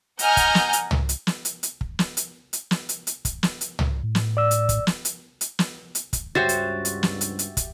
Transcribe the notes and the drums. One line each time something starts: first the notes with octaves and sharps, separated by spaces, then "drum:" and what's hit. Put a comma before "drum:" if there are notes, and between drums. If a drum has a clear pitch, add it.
D#5 F#5 G#5 A#5 F6 G6, drum: hi-hat
drum: kick, hi-hat
drum: snare
drum: hi-hat
drum: tom
drum: hi-hat
drum: snare
drum: hi-hat
drum: hi-hat
drum: kick
drum: snare
drum: hi-hat
drum: hi-hat
drum: snare
drum: hi-hat
drum: hi-hat
drum: kick, hi-hat
drum: snare
drum: hi-hat
drum: tom
A2
drum: snare
D5 E6
drum: hi-hat
drum: kick, hi-hat
drum: snare
drum: hi-hat
drum: hi-hat
drum: snare
drum: hi-hat
drum: kick, hi-hat
C#2 G2 F#4 G4 C5 C#5 E5 A6
drum: hi-hat
drum: hi-hat
drum: snare
drum: hi-hat
drum: hi-hat
drum: kick, hi-hat